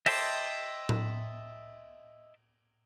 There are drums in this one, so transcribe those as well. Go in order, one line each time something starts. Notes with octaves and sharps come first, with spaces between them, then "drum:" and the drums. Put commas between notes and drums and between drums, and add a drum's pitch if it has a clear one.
D#5 E5 G5 A5 C6, drum: cymbal
drum: tom A2